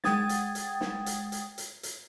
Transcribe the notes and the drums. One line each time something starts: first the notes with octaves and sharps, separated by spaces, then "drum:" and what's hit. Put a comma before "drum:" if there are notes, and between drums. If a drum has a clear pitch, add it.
G#3 F#5 G5 D#6 G#6 A6, drum: snare
drum: hi-hat
drum: hi-hat
drum: snare
drum: hi-hat
drum: hi-hat
drum: hi-hat
drum: hi-hat